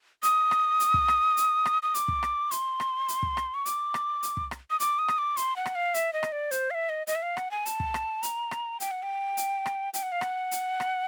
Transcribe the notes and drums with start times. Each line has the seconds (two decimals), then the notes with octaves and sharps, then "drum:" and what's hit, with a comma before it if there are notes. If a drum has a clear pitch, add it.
0.23 D#6, drum: hi-hat
0.51 drum: rim click
0.80 drum: hi-hat
0.94 drum: kick
1.08 drum: rim click
1.37 drum: hi-hat
1.65 drum: rim click
1.83 D#6
1.94 D6, drum: hi-hat
2.08 drum: kick
2.23 drum: rim click
2.51 C6, drum: hi-hat
2.80 drum: rim click
3.08 drum: hi-hat
3.23 drum: kick
3.37 drum: rim click
3.54 C#6
3.66 D6, drum: hi-hat
3.94 drum: rim click
4.23 drum: hi-hat
4.37 drum: kick
4.51 drum: rim click
4.70 D#6
4.80 D6, drum: hi-hat
4.99 D#6
5.08 drum: rim click
5.18 D6
5.37 C6, drum: hi-hat
5.56 F#5
5.66 drum: rim click
5.75 F5
5.94 E5, drum: hi-hat
6.13 D#5
6.23 drum: rim click
6.32 D5
6.51 C5, drum: hi-hat
6.71 F5
6.74 E5
6.89 D#5
7.07 D#5, drum: hi-hat
7.15 E5
7.22 F5
7.37 F#5, drum: rim click
7.51 G#5
7.66 A5, drum: hi-hat
7.80 drum: kick
7.94 drum: rim click
8.23 A#5, drum: hi-hat
8.51 drum: rim click
8.80 G5, drum: hi-hat
8.91 F#5
9.03 G5
9.37 drum: hi-hat
9.66 drum: rim click
9.94 G5, drum: hi-hat
10.03 F#5
10.12 F5
10.21 F#5, drum: rim click
10.51 drum: hi-hat
10.80 drum: rim click